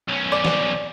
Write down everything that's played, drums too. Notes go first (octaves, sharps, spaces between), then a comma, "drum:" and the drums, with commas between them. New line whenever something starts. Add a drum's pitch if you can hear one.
B1 C#4
D5
drum: snare